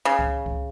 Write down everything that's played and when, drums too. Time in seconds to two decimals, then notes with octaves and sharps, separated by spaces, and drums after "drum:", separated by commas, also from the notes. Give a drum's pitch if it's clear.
0.05 C#3
0.19 drum: kick C#2
0.46 drum: kick C#2